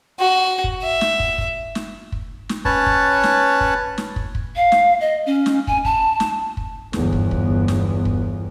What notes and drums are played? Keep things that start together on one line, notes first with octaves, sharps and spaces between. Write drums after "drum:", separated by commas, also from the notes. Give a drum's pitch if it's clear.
F#4
drum: kick
E5
drum: snare
drum: kick
drum: kick
drum: snare
drum: kick
drum: snare
C#4 B4 C#5 A5, drum: kick
drum: kick
drum: snare
drum: kick
drum: snare
drum: kick
drum: kick
F5
drum: snare
D#5
C#4
drum: snare
G#5, drum: kick
A5, drum: kick
drum: snare
drum: kick
G1 E2, drum: snare
drum: kick
drum: kick
drum: snare
drum: kick